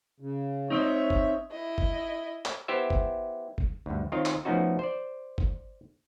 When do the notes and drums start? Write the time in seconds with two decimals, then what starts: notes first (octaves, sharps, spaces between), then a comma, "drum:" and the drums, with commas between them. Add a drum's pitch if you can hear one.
0.20 C#3
0.70 C4 D#4 C#5 E5
1.10 drum: kick G1
1.51 E4 D#5
1.78 drum: kick G1
2.45 drum: clap
2.68 B3 E4 G4 C5 E5
2.90 drum: kick G1
3.58 drum: kick G1
3.86 D2 G2
4.12 D#3 C4 F4 A#4 C#5 D#5
4.25 drum: clap
4.45 F3 A3 B3 C#4 D#4 F#4
4.79 C5 D5
5.38 drum: kick G1